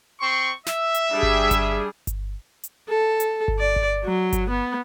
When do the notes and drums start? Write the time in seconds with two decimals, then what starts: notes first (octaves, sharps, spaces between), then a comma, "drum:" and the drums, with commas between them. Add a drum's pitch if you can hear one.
0.21 C4 C6 C#6
0.66 E5, drum: snare
0.95 drum: hi-hat
1.12 G3 D4 G#4
1.23 drum: kick G1
1.51 drum: kick G1, hi-hat
2.07 drum: kick G1, hi-hat
2.64 drum: hi-hat
2.89 A4
3.20 drum: hi-hat
3.48 drum: kick G1
3.59 D5
3.76 drum: kick G1
4.04 F#3
4.33 drum: kick G1, hi-hat
4.50 B3